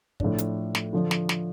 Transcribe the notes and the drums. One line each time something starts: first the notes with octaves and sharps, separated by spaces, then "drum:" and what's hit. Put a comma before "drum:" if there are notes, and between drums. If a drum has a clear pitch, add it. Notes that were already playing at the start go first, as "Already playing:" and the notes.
A2 F3 D4, drum: kick
drum: hi-hat
drum: snare
D3 F3 D4
drum: snare
drum: snare